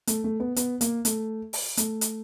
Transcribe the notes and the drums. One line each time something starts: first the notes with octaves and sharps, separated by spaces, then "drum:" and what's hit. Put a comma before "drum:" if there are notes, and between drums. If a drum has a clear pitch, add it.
A3, drum: hi-hat
A3
B3
B3, drum: hi-hat
A#3, drum: hi-hat
A3, drum: hi-hat
drum: open hi-hat
A3, drum: hi-hat
drum: hi-hat